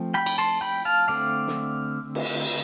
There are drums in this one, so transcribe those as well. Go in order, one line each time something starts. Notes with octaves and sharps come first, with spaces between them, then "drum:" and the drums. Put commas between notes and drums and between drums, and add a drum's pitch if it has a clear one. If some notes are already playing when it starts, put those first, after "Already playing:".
Already playing: F3 A3 C4
G5 B5
B5, drum: cymbal
A5 C6
G5 B5
F5 A5
D3 A3 C4 D5 F5
drum: snare
drum: cymbal